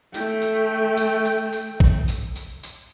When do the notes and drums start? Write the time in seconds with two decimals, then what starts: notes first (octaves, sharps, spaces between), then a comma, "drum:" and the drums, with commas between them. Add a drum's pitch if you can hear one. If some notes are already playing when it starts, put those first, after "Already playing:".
0.14 A3 G5, drum: tambourine
0.42 drum: tambourine
0.97 drum: tambourine
1.25 drum: tambourine
1.53 drum: tambourine
1.80 drum: kick
2.08 drum: tambourine
2.36 drum: tambourine
2.63 drum: tambourine